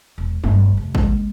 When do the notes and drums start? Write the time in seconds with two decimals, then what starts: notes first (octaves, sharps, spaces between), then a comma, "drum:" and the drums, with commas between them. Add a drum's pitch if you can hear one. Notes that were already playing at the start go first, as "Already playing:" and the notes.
0.18 E1
0.44 G1 A2, drum: tom F#3
0.77 F1
0.95 G#3 A#3, drum: kick G#1